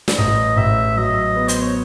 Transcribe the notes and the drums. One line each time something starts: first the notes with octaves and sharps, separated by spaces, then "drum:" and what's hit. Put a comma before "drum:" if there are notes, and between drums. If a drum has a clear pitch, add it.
drum: snare
A1 D#5
A1 E5
F#3 D#5
B3
C5, drum: hi-hat
C#5